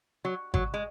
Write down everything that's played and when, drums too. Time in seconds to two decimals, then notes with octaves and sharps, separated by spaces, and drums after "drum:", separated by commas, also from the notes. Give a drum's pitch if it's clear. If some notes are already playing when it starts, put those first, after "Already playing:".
0.25 F#3
0.54 F#3, drum: kick G#1
0.74 G#3